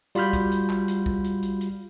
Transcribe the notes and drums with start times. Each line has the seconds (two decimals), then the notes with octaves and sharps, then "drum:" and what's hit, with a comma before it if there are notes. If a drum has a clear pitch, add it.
0.15 G3 F4 F#4 B5 F6 G6, drum: hi-hat
0.33 drum: kick, hi-hat
0.51 drum: hi-hat
0.70 drum: clap
0.88 drum: hi-hat
1.06 drum: kick
1.24 drum: hi-hat
1.43 drum: hi-hat
1.61 drum: hi-hat